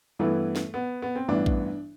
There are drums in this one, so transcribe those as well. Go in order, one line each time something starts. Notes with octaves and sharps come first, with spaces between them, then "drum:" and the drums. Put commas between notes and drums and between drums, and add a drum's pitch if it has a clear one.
G2 E3 A3 B3 E4
drum: snare
B3
B3
C4
A1 G2 E3 B3 D4
drum: kick A#1